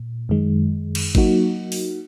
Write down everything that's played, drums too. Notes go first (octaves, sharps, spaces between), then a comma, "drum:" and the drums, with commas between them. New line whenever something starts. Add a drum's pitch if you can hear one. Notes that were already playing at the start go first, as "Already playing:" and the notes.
Already playing: A#2
F#2 D#3 G#3
drum: cymbal
F#3 A#3 D#4 F#4, drum: kick G1
drum: open hi-hat